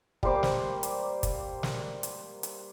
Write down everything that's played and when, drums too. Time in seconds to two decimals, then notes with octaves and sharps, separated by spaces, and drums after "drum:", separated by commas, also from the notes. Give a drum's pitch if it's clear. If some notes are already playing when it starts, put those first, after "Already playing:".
0.23 G3 A#3 C5 D6, drum: kick
0.43 drum: snare
0.83 drum: hi-hat
1.23 drum: kick, hi-hat
1.63 drum: snare
2.03 drum: hi-hat
2.43 drum: hi-hat